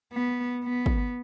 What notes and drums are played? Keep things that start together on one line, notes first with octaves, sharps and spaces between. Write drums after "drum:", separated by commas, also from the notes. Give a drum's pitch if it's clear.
B3
B3
drum: kick